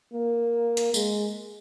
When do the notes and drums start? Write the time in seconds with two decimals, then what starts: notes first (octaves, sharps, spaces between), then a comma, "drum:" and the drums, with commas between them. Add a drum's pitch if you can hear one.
0.13 A#3
0.77 drum: hi-hat
0.94 G#3, drum: tambourine